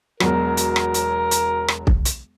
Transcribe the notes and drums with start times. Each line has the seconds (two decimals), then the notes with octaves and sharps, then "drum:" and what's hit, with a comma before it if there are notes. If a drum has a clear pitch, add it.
0.20 E1 F#3 A#4, drum: rim click
0.57 drum: hi-hat
0.76 drum: rim click
0.94 drum: hi-hat
1.31 drum: hi-hat
1.68 drum: rim click
1.87 drum: kick
2.05 drum: hi-hat